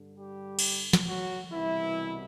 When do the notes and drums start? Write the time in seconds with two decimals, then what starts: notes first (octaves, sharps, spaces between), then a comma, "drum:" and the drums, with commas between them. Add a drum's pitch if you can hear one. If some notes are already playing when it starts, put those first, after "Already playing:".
Already playing: G2 D3
0.17 G3 G4
0.59 drum: cymbal
0.93 drum: snare
1.07 F#3 F#4
1.52 C2 B2 E3 G3 E4